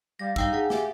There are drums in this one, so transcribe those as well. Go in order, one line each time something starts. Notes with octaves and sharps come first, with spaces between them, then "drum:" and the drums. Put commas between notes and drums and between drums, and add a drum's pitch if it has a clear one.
G3 F5 A#6
G2 D#4 F5 G5 E6, drum: kick
G#4 F5 F#5
G4 E5 D6, drum: snare